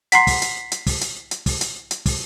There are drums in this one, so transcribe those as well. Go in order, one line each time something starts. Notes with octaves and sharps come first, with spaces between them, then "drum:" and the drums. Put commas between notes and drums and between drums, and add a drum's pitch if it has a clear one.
F#5 A#5 C6 B6 C7, drum: hi-hat
drum: kick, open hi-hat
drum: hi-hat
drum: hi-hat
drum: kick, open hi-hat
drum: hi-hat
drum: hi-hat
drum: kick, open hi-hat
drum: hi-hat
drum: hi-hat
drum: kick, open hi-hat